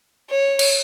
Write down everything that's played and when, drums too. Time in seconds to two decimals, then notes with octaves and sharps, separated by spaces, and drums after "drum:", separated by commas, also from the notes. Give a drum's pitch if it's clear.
0.30 C#5
0.59 drum: cymbal